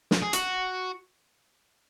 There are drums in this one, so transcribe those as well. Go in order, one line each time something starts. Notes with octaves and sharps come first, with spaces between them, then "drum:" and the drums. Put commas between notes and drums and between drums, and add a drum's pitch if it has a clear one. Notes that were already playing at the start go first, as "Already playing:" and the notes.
drum: snare
G#4
F#4, drum: hi-hat